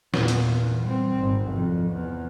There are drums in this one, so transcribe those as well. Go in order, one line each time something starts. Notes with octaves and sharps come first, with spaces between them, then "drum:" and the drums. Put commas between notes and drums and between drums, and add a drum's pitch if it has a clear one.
E2 A#2, drum: snare
drum: hi-hat
E2
G3 C4
G#1
F2 C3
E2